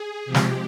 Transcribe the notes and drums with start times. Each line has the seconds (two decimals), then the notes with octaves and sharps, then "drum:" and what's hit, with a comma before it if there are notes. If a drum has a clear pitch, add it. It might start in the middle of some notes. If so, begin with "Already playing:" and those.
Already playing: G#4
0.25 C3 F3 G#3 G4
0.34 drum: snare